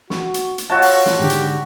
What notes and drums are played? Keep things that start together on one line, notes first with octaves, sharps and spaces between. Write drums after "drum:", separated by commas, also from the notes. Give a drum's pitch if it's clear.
F#4 C#6, drum: snare
drum: hi-hat
drum: hi-hat
F4 F#4 C#5 D#5 F#5 A5 E6
drum: open hi-hat
drum: snare
G#2 D3 G4
drum: hi-hat